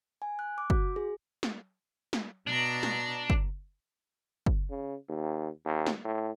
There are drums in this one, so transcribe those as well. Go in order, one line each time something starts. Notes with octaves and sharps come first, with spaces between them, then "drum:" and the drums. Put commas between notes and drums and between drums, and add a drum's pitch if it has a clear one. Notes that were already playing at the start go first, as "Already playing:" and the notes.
G#5
F#6
D6
F#4, drum: kick
G#4
drum: snare
drum: snare
B2 D4 A#5
drum: snare
drum: kick
drum: kick
C#3
D#2
D#2
drum: snare
A2